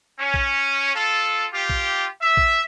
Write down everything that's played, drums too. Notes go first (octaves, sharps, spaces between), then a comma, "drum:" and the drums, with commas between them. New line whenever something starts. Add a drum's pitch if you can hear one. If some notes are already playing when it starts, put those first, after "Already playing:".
C#4
drum: kick
F4 A4
F4 G4
drum: kick
E5
drum: kick